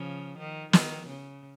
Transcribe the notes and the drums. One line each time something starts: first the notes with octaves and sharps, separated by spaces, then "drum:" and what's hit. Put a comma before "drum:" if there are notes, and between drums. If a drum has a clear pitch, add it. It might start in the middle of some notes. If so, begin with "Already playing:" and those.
Already playing: C#3 F3
D#3
D#3, drum: snare
C#3